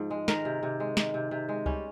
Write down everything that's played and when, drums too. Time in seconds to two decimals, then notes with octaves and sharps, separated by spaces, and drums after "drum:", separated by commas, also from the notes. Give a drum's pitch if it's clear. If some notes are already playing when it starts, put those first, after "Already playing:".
Already playing: G#2 F3
0.11 G#3
0.28 D#3 A#4, drum: snare
0.45 C3
0.63 C3
0.80 G#3
0.97 D#3, drum: snare
1.14 C3
1.31 C3
1.49 G#3
1.66 G3 C#4, drum: kick C#2